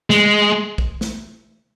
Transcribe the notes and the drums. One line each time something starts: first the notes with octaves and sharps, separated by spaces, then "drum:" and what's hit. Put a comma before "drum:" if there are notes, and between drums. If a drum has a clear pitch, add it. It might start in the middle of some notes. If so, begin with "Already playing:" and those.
G#3, drum: snare
drum: kick
drum: snare